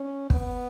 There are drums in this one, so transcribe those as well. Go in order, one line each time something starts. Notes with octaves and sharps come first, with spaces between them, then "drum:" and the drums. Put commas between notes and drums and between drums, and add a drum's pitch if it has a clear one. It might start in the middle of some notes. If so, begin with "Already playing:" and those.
Already playing: C#4
B3, drum: kick